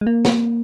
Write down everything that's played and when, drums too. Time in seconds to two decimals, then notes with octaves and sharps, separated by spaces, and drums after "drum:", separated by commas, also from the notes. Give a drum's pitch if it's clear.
0.01 G#3
0.07 A#3
0.25 drum: snare